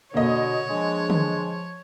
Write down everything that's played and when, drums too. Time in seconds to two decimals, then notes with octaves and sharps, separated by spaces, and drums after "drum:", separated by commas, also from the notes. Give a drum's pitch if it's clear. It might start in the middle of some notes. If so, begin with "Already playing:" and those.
0.14 B2 D3 A#3 C#5 D#5
0.69 F3 G#3 D4
1.10 drum: tom D3